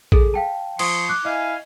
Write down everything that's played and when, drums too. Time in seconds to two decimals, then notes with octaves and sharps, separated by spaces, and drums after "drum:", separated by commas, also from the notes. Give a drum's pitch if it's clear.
0.12 G#4 A4, drum: kick
0.34 F5 G5 A5
0.79 F3 C6 C#6 D#6, drum: cymbal
1.09 D6 F#6
1.25 E4 D#5 F5 G#5